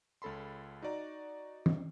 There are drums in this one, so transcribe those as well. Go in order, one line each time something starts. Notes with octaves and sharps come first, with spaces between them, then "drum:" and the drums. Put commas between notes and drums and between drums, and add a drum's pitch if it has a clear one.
C#2 C#4 A4 B5 C6
D#4 F#4 D5 A#5
drum: tom